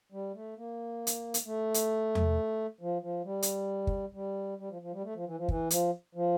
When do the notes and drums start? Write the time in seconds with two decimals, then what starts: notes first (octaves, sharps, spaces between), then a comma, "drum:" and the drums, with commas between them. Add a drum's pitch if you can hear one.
0.12 G3
0.34 A3
0.57 A#3
1.07 drum: hi-hat
1.34 drum: hi-hat
1.46 A3
1.74 drum: hi-hat
2.15 drum: tom E2
2.81 F3
3.02 F3
3.25 G3
3.42 drum: hi-hat
3.87 drum: kick
4.14 G3
4.59 G3
4.70 F3
4.82 F3
4.92 G3
5.04 A3
5.15 F3
5.26 E3
5.38 F3
5.48 E3, drum: kick
5.70 F3, drum: hi-hat
6.15 F3